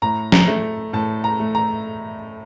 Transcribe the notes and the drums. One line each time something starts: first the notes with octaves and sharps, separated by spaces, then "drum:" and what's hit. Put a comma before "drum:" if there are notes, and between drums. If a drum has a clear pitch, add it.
A2 A#5
A#5, drum: snare
A3
A2 A5
A#5
A3
A#5